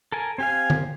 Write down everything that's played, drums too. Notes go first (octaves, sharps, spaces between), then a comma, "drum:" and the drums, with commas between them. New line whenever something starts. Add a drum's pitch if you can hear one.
A4 A#4 G#5
C4 G4 F5 G#5
drum: tom D3